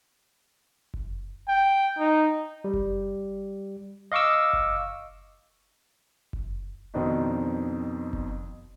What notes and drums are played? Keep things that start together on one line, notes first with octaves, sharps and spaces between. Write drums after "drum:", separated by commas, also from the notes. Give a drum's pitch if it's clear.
drum: kick F#1
G5
D#4
G3
drum: kick F#1
D#5 F5 C#6 D6 E6
drum: kick F#1
drum: kick F#1
F2 B2 D#3 C4 D4 D#4
drum: kick F#1